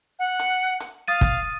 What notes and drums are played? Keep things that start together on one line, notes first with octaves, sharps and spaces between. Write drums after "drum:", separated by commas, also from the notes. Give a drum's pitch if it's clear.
F#5
drum: hi-hat
drum: hi-hat
F5 D#6 A6 D#7
drum: kick, hi-hat